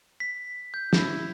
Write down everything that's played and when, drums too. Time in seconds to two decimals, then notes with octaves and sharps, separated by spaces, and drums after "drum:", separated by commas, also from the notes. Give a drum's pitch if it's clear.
0.20 B6
0.74 G6
0.93 E4, drum: snare